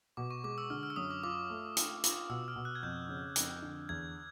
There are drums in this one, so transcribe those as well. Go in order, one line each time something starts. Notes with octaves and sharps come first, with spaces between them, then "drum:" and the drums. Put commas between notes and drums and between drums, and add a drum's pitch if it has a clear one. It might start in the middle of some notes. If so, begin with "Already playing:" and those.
B2 D6
C#6
G#3 D6
E6
D3 F6
F6
E6
F#2 D#6
D6
F4 D6
A3
F4, drum: hi-hat
F4, drum: hi-hat
B2 E6
F6
B2
F#6
G#6
F2 G6
C#3
F2, drum: hi-hat
D3
E2 G#6